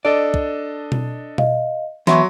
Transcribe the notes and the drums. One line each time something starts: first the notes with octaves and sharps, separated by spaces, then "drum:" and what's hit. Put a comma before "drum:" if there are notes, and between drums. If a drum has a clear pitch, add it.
D4 A4 D5 D#5
drum: kick
drum: tom B2
D#5 F5, drum: tom B2
E3 F#3 B3 E5 C6 C#6, drum: snare